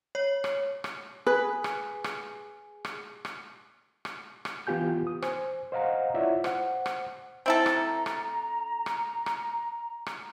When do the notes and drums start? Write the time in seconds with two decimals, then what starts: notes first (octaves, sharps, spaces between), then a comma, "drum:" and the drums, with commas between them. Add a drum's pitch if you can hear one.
0.15 C#5
0.44 drum: rim click
0.84 drum: rim click
1.26 G#4 B4
1.64 drum: rim click
2.04 drum: rim click
2.85 drum: rim click
3.25 drum: rim click
4.05 drum: rim click
4.45 drum: rim click
4.67 E3 B3 F4 G4 G#5 G6
5.07 D#6
5.22 C5 G#5, drum: rim click
5.72 C5 D#5 F5 F#5 A#5
6.14 E4 F4 C#5 D5 E5 F#5
6.44 C5 F#5, drum: rim click
6.86 drum: rim click
7.46 C4 E4 A4 A#5
7.66 drum: rim click
8.06 drum: rim click
8.86 drum: rim click
9.26 drum: rim click
10.06 drum: rim click